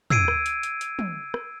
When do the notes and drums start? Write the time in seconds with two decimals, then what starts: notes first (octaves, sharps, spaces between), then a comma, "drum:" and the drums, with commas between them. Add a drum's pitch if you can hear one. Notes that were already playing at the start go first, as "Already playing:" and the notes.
0.10 E6 G#6 C7 D7 D#7, drum: tom
0.28 drum: rim click
0.46 drum: hi-hat
0.63 drum: hi-hat
0.81 drum: hi-hat
0.99 drum: tom
1.34 drum: rim click